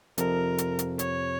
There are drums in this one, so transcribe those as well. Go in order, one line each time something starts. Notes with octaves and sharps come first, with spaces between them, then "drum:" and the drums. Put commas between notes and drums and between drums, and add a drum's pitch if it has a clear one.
F2 C3 F3 A#4, drum: hi-hat
drum: hi-hat
drum: hi-hat
C#5, drum: hi-hat